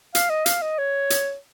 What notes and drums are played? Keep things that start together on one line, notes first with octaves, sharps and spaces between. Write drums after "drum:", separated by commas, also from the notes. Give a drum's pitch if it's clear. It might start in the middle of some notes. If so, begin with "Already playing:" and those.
F5, drum: hi-hat
D#5
F5, drum: hi-hat
D#5
C#5
drum: hi-hat